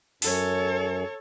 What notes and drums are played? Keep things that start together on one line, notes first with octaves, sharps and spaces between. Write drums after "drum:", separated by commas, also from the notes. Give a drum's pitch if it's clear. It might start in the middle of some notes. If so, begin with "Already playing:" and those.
F#2 A4 C#5, drum: open hi-hat